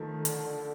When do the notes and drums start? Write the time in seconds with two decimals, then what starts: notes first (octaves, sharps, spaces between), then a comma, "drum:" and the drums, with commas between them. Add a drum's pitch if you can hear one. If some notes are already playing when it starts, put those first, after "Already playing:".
Already playing: D#3 F3 A3
0.25 D3, drum: hi-hat